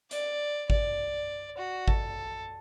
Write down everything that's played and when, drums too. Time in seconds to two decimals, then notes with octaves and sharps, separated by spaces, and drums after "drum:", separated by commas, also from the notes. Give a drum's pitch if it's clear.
0.11 D5, drum: hi-hat
0.70 D5, drum: kick G#1
1.58 F#4
1.88 A4, drum: kick G#1